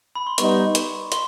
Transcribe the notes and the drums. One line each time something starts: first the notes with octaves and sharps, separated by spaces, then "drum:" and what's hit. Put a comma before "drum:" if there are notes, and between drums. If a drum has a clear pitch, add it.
B5
C6
G3 B3 D#4 C#6, drum: hi-hat
drum: hi-hat
C6, drum: hi-hat